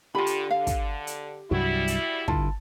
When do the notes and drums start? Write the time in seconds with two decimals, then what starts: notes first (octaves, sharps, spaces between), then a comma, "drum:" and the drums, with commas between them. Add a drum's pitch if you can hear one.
0.15 D3 F4 G4 B5
0.27 drum: hi-hat
0.51 D3 F5
0.67 drum: kick, hi-hat
1.07 drum: hi-hat
1.51 C2 G2 F#3 G3 E4 F#4
1.88 drum: hi-hat
2.28 G2 D3 E4 F4 A5, drum: kick